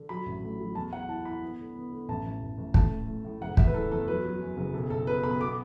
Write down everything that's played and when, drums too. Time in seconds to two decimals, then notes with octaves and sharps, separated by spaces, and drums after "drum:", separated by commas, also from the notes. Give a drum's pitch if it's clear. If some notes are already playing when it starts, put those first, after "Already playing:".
Already playing: D3
0.09 F#3 B5
0.26 A1
0.43 A2
0.60 F#3
0.75 E2 A5
0.92 E2 F#5
1.09 E4 A5
1.25 E4 B5
1.42 B3
1.59 D3
1.76 B3
1.91 D3
2.09 A1 A5
2.25 A1
2.42 A1
2.58 A1
2.74 A3 A5, drum: kick
2.92 A2
3.08 A2
3.24 A2
3.41 F#1 F#5
3.57 A3 E5, drum: kick
3.67 B4
3.74 E3 A4
3.92 E2 A4
4.08 F#3 B4
4.24 F#3
4.40 F#2
4.57 F#1
4.74 B1 A4
4.90 B1 A4
5.07 B2 B4
5.24 B1 B5
5.40 B3 D6